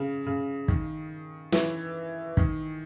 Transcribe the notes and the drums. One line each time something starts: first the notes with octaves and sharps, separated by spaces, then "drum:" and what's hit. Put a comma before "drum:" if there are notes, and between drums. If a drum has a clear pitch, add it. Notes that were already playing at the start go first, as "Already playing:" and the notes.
Already playing: C#3
C#3
D#3, drum: kick
E3, drum: snare
D#3, drum: kick